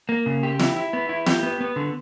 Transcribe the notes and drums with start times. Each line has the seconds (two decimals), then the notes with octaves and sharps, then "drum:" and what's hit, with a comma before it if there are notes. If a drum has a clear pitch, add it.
0.09 A#3
0.26 C#3
0.43 G4
0.60 E4, drum: snare
0.76 E4
0.93 B3
1.09 E4
1.27 G4, drum: snare
1.43 B3
1.61 B3
1.76 D3